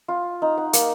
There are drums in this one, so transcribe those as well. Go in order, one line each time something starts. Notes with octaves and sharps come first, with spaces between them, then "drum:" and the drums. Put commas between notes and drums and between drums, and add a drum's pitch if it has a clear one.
F4
D#4
F#5
A#3, drum: hi-hat